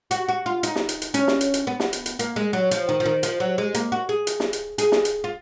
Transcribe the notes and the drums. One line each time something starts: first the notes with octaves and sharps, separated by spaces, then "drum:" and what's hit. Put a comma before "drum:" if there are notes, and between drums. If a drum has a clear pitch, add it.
F#4, drum: hi-hat
F#4
F4
D#4, drum: hi-hat
drum: snare
drum: hi-hat
drum: hi-hat
C#4, drum: hi-hat
drum: snare
drum: hi-hat
drum: hi-hat
B3
drum: snare
drum: hi-hat
drum: hi-hat
A#3, drum: hi-hat
G#3
F#3
F3, drum: hi-hat
D#3
F3
D#3
F3, drum: hi-hat
F#3
G#3
A#3, drum: hi-hat
F#4
G#4
drum: hi-hat
drum: snare
drum: hi-hat
G#4, drum: hi-hat
drum: snare
drum: hi-hat
F4